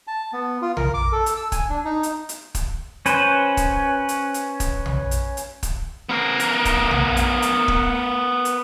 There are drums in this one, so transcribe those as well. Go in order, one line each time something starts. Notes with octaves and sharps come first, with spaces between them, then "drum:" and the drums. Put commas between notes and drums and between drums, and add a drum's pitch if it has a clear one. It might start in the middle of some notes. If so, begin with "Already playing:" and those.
A5
B3
F4
A#4, drum: tom A#1
D6
A4
drum: hi-hat
E6
G#5, drum: kick, hi-hat
D4
D#4
drum: hi-hat
drum: hi-hat
drum: kick, hi-hat
C#4 B4 C5, drum: hi-hat
drum: kick, hi-hat
drum: hi-hat
drum: hi-hat
drum: kick, hi-hat
drum: tom A#1
drum: hi-hat
drum: hi-hat
drum: kick, hi-hat
B3 A#4
drum: hi-hat
drum: kick, hi-hat
drum: tom A#1
drum: hi-hat
drum: hi-hat
drum: kick
drum: hi-hat